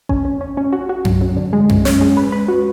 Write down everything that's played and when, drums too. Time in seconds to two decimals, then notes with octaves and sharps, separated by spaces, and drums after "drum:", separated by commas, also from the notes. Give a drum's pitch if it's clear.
0.09 C#4, drum: kick A1
0.25 C#4
0.41 C#4
0.57 C#4
0.73 F#4
0.89 F#4
1.05 F#3, drum: tom F#2
1.21 F#2
1.36 D3
1.53 G#3
1.69 F#2, drum: tom F#2
1.85 C#4, drum: snare
2.01 G#3
2.17 B4
2.32 B4
2.48 F#4